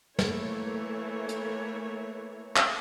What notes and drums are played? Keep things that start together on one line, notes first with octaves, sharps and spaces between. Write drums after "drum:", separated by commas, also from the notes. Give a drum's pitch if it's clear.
E3 A3 A#3 C#5, drum: snare
drum: hi-hat
drum: clap